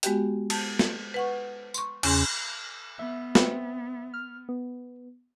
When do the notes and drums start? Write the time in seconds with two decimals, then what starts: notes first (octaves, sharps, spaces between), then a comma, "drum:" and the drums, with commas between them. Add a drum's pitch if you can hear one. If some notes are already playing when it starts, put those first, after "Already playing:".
0.03 G#3 B3 F#4 G4 G5, drum: hi-hat
0.50 A5 G6, drum: cymbal
0.79 drum: snare
1.14 B4 F#5 C#6
1.74 C6 C#6, drum: tambourine
2.03 E2 C#3 C#4 G#4 G#5 C6, drum: cymbal
2.99 B3 E5
3.35 C4 B4, drum: snare
4.14 F6
4.49 B3